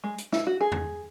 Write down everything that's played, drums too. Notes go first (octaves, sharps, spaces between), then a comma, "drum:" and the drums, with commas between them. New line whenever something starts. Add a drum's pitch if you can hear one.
G#3
drum: hi-hat
E4, drum: snare
F#4
G#4
drum: tom E2